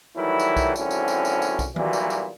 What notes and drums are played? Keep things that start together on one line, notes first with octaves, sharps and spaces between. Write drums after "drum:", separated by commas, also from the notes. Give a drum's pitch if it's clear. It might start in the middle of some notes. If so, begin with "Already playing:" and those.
D#3 E3 F#3 G3 A3 E4
drum: tambourine
drum: kick B1, tambourine
G#1 D3 F#3 C4 C#4 E4, drum: tambourine
drum: tambourine
drum: tambourine
drum: tambourine
drum: tambourine
drum: kick B1, tambourine
B1 A#2 E3 F#3 G3, drum: tom D#3
drum: tambourine
drum: tambourine